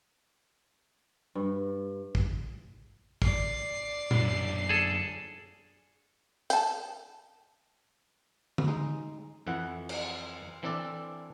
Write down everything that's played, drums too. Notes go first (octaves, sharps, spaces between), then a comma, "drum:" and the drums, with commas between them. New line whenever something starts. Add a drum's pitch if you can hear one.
G2
drum: kick
D5 C7, drum: kick
F#2 D3, drum: tom A#2
G#4 A4
G5 A5, drum: hi-hat
drum: tom D3
G#3 D#4
F2 E3 E4 F#5
drum: cymbal
E3 C4 D4 A4 D5